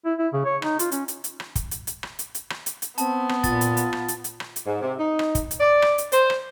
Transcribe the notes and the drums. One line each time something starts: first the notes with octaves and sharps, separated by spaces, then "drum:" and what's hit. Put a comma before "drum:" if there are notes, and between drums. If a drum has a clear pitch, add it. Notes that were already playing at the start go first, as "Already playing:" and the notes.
E4
E4
C#3
C#5
D#4, drum: rim click
F4, drum: hi-hat
C#4, drum: hi-hat
drum: hi-hat
drum: hi-hat
drum: rim click
drum: kick, hi-hat
drum: hi-hat
drum: hi-hat
drum: rim click
drum: hi-hat
drum: hi-hat
drum: rim click
drum: hi-hat
drum: hi-hat
B3 C4 A5, drum: hi-hat
drum: rim click
A#2 F4 A6, drum: kick, hi-hat
drum: hi-hat
drum: hi-hat
drum: rim click
drum: hi-hat
drum: hi-hat
drum: rim click
drum: hi-hat
G#2
C3
D#4
drum: rim click
drum: kick, hi-hat
drum: hi-hat
D5
drum: rim click
drum: hi-hat
C5, drum: hi-hat
drum: rim click